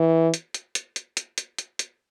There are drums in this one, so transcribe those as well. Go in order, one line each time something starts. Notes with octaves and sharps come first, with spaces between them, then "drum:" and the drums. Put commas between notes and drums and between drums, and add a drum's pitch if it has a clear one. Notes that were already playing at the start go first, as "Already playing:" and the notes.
Already playing: E3
drum: hi-hat
drum: hi-hat
drum: hi-hat
drum: hi-hat
drum: hi-hat
drum: hi-hat
drum: hi-hat
drum: hi-hat